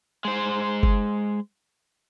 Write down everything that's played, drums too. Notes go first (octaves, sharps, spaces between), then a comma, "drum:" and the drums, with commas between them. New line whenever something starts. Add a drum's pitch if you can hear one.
G#3 C5
drum: kick F#1